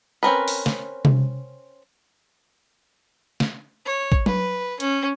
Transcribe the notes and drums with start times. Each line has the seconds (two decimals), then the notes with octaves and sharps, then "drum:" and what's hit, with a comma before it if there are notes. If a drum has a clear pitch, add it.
0.23 C4 C#4 A#4 B4
0.48 drum: open hi-hat
0.66 drum: snare
1.05 drum: tom C3
3.40 drum: snare
3.86 C#5
4.12 drum: kick
4.26 B4, drum: tom F#3
4.80 C#4, drum: hi-hat